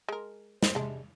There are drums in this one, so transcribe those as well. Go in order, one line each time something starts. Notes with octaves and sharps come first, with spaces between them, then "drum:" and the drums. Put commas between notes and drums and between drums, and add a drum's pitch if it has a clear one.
G#3 A#4
C5, drum: snare
C3 G#3 D4